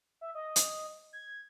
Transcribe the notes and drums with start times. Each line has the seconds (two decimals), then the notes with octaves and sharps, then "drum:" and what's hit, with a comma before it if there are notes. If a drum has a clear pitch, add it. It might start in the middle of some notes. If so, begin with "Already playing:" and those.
0.21 E5
0.35 D#5
0.56 drum: hi-hat
1.13 G#6